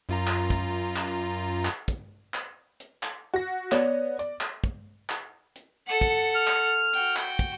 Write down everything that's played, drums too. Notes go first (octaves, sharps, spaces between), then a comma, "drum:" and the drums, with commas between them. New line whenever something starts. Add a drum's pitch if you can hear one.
F#2 F4 A#5
drum: clap
drum: kick, hi-hat
drum: clap
drum: clap
drum: kick, hi-hat
drum: clap
drum: hi-hat
drum: clap
F#4 A#6
B3 C#5 D5, drum: clap
D5, drum: hi-hat
drum: clap
drum: kick, hi-hat
drum: clap
drum: hi-hat
A4 F#5
drum: kick, hi-hat
F6
drum: clap
F#4 G5, drum: hi-hat
drum: clap
drum: kick, hi-hat